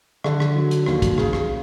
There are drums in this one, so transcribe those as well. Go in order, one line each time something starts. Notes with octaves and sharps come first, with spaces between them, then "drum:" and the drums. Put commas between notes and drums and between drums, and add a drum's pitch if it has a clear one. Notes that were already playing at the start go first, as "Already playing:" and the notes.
D3, drum: rim click
drum: rim click
F#3
drum: hi-hat
D#2, drum: rim click
drum: kick, hi-hat
C#3, drum: rim click
drum: rim click